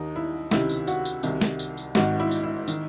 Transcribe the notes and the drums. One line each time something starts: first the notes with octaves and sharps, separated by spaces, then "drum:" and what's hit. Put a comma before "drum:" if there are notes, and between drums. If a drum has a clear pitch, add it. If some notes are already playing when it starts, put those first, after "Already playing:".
Already playing: D#2 D#3 D#4
E4
C#2 C3 D#3 E4, drum: snare
drum: tambourine
F#4, drum: tambourine
drum: tambourine
C2 C3 D#3, drum: tambourine
drum: snare
drum: tambourine
drum: tambourine
G#1 G#2 D#3 F#4, drum: snare
E4
drum: tambourine
E4
D#3, drum: tambourine